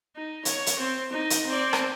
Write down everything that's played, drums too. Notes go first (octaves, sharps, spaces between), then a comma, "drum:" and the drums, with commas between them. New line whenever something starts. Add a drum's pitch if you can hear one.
D#4
C#5, drum: hi-hat
drum: hi-hat
C4
D#4
drum: hi-hat
C4 D5
drum: rim click